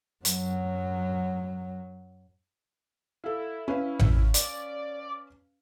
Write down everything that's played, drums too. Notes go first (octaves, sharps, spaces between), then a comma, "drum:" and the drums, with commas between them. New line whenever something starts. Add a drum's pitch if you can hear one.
F#2 F#3, drum: hi-hat
E4 A4 F5
C#4 B4 F5
drum: tom A1
D5, drum: hi-hat